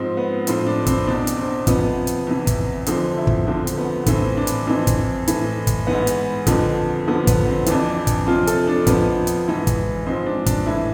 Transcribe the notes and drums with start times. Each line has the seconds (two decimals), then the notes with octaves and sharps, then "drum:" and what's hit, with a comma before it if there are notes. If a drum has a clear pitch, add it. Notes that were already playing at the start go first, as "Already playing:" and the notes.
Already playing: G#2 F3 C4
0.17 B3
0.47 A2 F3 C4, drum: hi-hat
0.67 D4
0.86 C4, drum: kick, hi-hat
1.07 E2 B2 D4
1.27 drum: hi-hat
1.37 C4
1.67 F2 C3 F3 B3, drum: kick, hi-hat
2.07 drum: hi-hat
2.27 E2 C3 E3
2.47 drum: kick, hi-hat
2.86 F2 D3 F3 C4, drum: hi-hat
3.18 E4
3.27 drum: kick
3.47 E2 D3 F3 C4
3.67 drum: hi-hat
3.78 B3
4.06 A2 E3 C4, drum: kick, hi-hat
4.37 D4
4.47 drum: hi-hat
4.67 F2 E3 C4
4.87 drum: kick, hi-hat
5.28 A2 E3, drum: hi-hat
5.67 drum: kick, hi-hat
5.87 G#2 E3 B3
6.07 drum: hi-hat
6.47 F2 D3 F3, drum: kick, hi-hat
7.07 E2 D3 F3 B3
7.27 B3, drum: kick, hi-hat
7.47 C4
7.66 F2 E3 D4, drum: hi-hat
8.07 drum: kick, hi-hat
8.27 F2 C3 F3 F4
8.47 A4, drum: hi-hat
8.67 D4
8.87 F2 C3 F3 B3, drum: kick, hi-hat
9.27 drum: hi-hat
9.47 G#2 E3
9.67 drum: kick, hi-hat
10.06 G#2 F3 C4
10.26 D4
10.46 D4, drum: kick, hi-hat
10.66 A2 E3 E4